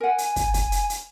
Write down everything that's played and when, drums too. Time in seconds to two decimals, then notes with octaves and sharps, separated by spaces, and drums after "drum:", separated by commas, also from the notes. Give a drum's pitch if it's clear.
0.01 A#4 F#5 G#5
0.18 drum: hi-hat
0.36 drum: kick, hi-hat
0.54 drum: kick, hi-hat
0.72 drum: hi-hat
0.90 drum: hi-hat